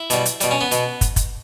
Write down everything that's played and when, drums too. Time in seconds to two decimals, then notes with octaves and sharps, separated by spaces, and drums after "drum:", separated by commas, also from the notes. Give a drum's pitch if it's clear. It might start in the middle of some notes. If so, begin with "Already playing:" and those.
Already playing: E4
0.10 B2 G3, drum: hi-hat
0.25 drum: hi-hat
0.41 B2 G3, drum: hi-hat
0.51 C#4
0.61 B3
0.71 B2, drum: hi-hat
1.01 drum: kick, hi-hat
1.16 drum: kick, hi-hat